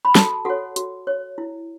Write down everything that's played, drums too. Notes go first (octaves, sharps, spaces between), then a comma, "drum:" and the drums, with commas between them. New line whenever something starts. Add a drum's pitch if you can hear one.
B5
F#4 A4 A5, drum: snare
F#4 A4 C#5 F#5
F#4, drum: hi-hat
C#5
E4